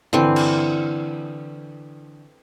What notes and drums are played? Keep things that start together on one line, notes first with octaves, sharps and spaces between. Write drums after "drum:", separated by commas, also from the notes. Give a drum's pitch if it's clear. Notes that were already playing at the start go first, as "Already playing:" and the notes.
D3 E3 C4, drum: tom
drum: cymbal